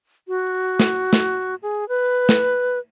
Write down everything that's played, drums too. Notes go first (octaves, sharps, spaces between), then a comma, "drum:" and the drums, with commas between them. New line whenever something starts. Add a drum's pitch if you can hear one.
F#4
drum: snare
drum: snare
G#4
B4
drum: snare